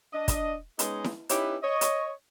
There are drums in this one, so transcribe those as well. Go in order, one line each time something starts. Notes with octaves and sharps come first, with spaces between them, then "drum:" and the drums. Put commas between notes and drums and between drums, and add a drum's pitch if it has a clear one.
D4 D#5
drum: kick, hi-hat
G#3 B3 C#4 D#4 G#4 D#5, drum: hi-hat
drum: snare E4
C#4 D#4 E4 G4 B4, drum: hi-hat
C#5 D#5
drum: hi-hat